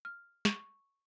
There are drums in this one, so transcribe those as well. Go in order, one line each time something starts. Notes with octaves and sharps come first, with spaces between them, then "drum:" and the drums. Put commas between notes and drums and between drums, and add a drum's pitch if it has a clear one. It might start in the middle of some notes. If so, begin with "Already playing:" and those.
F6
C#6, drum: snare